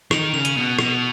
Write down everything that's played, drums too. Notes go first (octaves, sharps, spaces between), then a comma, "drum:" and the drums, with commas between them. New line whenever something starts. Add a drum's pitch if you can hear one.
D#3 F7, drum: rim click
C#3 F7
D#7, drum: hi-hat
B2
B2 F7, drum: rim click